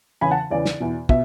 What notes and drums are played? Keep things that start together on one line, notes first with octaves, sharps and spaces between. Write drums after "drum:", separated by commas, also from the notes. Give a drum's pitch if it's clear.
E2 C#3 E3 G#5 B5
F#5 A5
E2 C#3 E3 D5
drum: snare
E2 B2
B2 E5, drum: kick